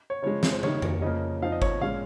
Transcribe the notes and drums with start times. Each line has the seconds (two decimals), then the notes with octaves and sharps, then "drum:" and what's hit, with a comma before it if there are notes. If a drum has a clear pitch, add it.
0.10 C#5
0.22 C#3 F3 G#3 C#5
0.43 drum: snare
0.52 C5
0.63 D#3 G3 A#3 D#4 C#5, drum: tom
0.82 drum: tom F2
1.02 C#3 F3 A#3 D#5
1.42 F3 C4 D#4 F5
1.52 D#5
1.62 C#5, drum: kick G1
1.81 A#2 G#3 C#4 F5